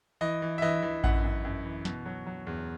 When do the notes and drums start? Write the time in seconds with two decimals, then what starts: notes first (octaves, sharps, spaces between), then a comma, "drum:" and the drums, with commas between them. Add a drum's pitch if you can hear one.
0.21 E3 D#5
0.42 E3
0.58 E5
0.62 E3 D#5
0.82 E3
1.04 F#2 F#5, drum: kick A1
1.24 F#2
1.45 F#2
1.65 E3
1.85 B2, drum: snare
2.06 F#3
2.26 F#3
2.47 E2